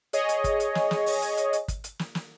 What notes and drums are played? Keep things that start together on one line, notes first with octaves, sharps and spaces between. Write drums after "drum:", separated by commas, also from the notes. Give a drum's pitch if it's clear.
G#4 C#5 D#5, drum: hi-hat
drum: hi-hat
drum: kick, hi-hat
drum: hi-hat
drum: snare
drum: snare
drum: open hi-hat
drum: hi-hat
drum: hi-hat
drum: hi-hat
drum: kick, hi-hat
drum: hi-hat
drum: snare
drum: snare